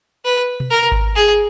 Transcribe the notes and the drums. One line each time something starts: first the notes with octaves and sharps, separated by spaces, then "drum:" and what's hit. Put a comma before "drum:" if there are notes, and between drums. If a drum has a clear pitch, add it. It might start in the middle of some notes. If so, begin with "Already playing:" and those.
B4
drum: tom B2
A#4
drum: kick G#1
G#4